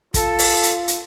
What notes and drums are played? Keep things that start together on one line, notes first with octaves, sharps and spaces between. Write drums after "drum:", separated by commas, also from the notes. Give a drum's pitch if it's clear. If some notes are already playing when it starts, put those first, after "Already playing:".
F4 A4, drum: kick, hi-hat
drum: open hi-hat
drum: hi-hat
drum: hi-hat